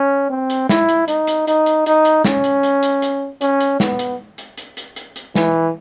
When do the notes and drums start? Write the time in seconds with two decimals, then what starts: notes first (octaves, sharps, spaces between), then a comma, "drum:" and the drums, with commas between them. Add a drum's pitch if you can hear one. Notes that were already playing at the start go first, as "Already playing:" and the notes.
Already playing: C#4
0.30 C4
0.50 drum: hi-hat
0.69 E4, drum: snare
0.89 drum: hi-hat
1.08 D#4, drum: hi-hat
1.27 drum: hi-hat
1.47 D#4, drum: hi-hat
1.66 drum: hi-hat
1.86 D#4, drum: hi-hat
2.05 drum: hi-hat
2.24 C#4, drum: snare
2.44 drum: hi-hat
2.63 drum: hi-hat
2.83 drum: hi-hat
3.02 drum: hi-hat
3.41 C#4, drum: hi-hat
3.60 drum: hi-hat
3.80 B3, drum: snare
3.99 drum: hi-hat
4.38 drum: hi-hat
4.58 drum: hi-hat
4.77 drum: hi-hat
4.96 drum: hi-hat
5.16 drum: hi-hat
5.35 E3, drum: snare